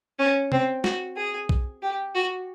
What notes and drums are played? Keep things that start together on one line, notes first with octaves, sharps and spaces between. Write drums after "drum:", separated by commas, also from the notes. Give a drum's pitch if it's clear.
C#4
C4, drum: tom C3
F#4, drum: snare
G#4
drum: kick
G4
F#4